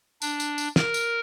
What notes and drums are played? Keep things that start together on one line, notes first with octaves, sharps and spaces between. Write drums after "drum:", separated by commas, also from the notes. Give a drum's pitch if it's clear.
D4, drum: tambourine
drum: tambourine
drum: tambourine
A#4, drum: snare
drum: tambourine